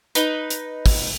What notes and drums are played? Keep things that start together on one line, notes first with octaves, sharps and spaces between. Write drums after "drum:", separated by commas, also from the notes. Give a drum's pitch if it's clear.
D#4 B4, drum: hi-hat
drum: hi-hat
drum: kick, open hi-hat